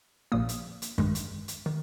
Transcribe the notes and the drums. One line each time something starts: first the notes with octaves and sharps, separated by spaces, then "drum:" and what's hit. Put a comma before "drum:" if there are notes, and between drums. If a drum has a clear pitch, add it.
A#1 A#2 A#3 D#6
drum: hi-hat
drum: hi-hat
G2 D#3 G#3, drum: kick
drum: hi-hat
drum: hi-hat
D#3